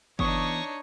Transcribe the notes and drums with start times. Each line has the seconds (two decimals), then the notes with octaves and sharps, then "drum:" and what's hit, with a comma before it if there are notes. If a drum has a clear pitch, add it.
0.19 E3 B3 D4 D#4 C#5 C#6 D#6, drum: kick